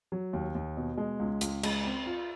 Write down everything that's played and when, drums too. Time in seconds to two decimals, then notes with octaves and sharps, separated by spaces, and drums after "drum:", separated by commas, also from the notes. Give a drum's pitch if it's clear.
0.12 F#3
0.33 D#2
0.55 D#2
0.77 B2
0.97 G#3
1.20 C#2
1.41 C#2, drum: hi-hat
1.63 G#3, drum: cymbal
1.84 C4
2.06 F4